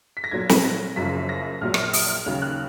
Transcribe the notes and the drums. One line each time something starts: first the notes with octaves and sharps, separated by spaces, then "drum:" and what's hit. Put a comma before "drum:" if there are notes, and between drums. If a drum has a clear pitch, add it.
B6
A#6
B1 A#2 F#3 G#6
drum: snare
A#6
F#1 F#2 C#3 F3 B6
A#6
A#1 A#2 F#3 F6
drum: rim click
F6
D#6, drum: open hi-hat
F6
D#2 C#3 F#3 F6
F#6